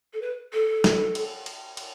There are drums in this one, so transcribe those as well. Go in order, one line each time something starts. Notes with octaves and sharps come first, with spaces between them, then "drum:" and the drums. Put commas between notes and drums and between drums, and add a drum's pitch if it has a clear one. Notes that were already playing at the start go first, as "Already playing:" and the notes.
A4
B4
A4
drum: snare
drum: cymbal
drum: cymbal
drum: cymbal